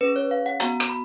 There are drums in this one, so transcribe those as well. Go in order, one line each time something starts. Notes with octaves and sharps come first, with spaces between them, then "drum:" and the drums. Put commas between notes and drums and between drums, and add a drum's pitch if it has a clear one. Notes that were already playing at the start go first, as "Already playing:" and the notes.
C#4 G#4 B4
C#5
F5
F#5
B3 F#4 A#5, drum: hi-hat
drum: rim click
B5